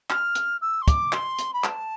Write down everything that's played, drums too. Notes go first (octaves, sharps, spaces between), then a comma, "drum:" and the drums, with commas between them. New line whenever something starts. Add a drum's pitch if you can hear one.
F6, drum: clap
drum: hi-hat
E6
C6
D6, drum: kick, hi-hat
C6, drum: clap
drum: hi-hat
B5
A5, drum: clap